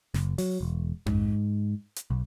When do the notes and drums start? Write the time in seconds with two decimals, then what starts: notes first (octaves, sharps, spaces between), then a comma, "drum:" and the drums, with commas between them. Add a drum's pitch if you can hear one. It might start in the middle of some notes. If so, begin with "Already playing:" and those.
0.14 F#1, drum: snare
0.38 F#3, drum: open hi-hat
0.61 E1
1.06 G#2, drum: tom F2
1.96 drum: hi-hat
2.10 B1